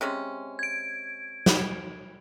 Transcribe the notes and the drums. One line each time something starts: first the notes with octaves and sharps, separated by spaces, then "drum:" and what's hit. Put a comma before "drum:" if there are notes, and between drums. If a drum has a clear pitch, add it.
C3 G#3 C#4
G#6 D7
drum: snare